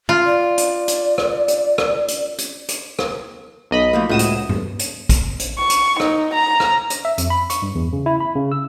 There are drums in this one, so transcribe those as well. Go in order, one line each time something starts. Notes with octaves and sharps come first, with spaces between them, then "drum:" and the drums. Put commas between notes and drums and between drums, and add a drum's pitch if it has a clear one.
F4
D5
drum: hi-hat
drum: hi-hat
drum: rim click
drum: hi-hat
drum: rim click
drum: hi-hat
drum: hi-hat
drum: hi-hat
drum: rim click
B1 D#5 B5
F3 A3 A#3
C#2 A2 E4 F#4 D#6 E7
drum: hi-hat
drum: tom G2
drum: hi-hat
drum: kick, hi-hat
drum: hi-hat
C#6
drum: hi-hat
D#4, drum: rim click
A#5
drum: rim click
drum: hi-hat
E5
F2, drum: hi-hat
B5
C#6, drum: hi-hat
G2
E2
C#3
E4
B5
C#3
E6